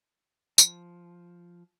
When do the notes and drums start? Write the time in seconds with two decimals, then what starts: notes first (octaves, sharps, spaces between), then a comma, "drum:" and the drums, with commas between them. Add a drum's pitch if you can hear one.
0.58 F3, drum: tambourine